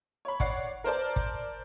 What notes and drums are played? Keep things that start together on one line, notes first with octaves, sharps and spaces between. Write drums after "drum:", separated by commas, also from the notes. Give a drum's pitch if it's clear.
C#5 B5
C#5 D5 F#5 C7, drum: kick
A#4 C5 D5 A5
drum: kick